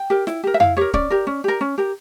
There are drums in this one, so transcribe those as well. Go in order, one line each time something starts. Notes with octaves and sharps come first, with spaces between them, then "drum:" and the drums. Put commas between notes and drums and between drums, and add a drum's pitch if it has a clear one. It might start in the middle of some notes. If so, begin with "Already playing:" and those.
Already playing: G5
G4 A#4
E4, drum: snare
G4 A#4
E5
E4 F5, drum: tom F2
G4 A#4 C#5
C#4 D5, drum: kick D1
G4 A#4
C#4
G4 A#4
C#4
G4 A#4